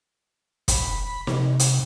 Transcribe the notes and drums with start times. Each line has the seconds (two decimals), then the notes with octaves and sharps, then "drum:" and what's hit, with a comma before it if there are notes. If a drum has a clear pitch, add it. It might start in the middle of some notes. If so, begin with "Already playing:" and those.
0.68 B5, drum: kick, hi-hat
1.27 C3, drum: snare
1.59 drum: hi-hat